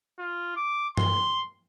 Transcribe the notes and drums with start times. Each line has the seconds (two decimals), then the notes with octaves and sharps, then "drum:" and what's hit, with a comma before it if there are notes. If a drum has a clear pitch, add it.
0.19 F4
0.56 D6
0.97 C6, drum: tom G2